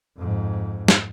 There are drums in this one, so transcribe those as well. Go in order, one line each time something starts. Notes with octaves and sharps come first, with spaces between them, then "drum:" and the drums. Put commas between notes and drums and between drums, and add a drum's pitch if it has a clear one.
F2 G#2
drum: snare